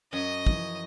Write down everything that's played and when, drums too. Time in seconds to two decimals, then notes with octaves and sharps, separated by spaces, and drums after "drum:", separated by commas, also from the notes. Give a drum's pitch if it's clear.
0.13 F#2 D#5 D#6
0.47 E3 F3 C#4, drum: kick